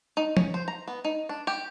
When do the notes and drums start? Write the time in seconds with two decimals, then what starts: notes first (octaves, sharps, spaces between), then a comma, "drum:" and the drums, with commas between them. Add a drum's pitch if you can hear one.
0.17 D#4
0.37 C#4, drum: tom F3
0.54 C5
0.68 A#5
0.88 B3
1.05 D#4
1.29 D4
1.47 G4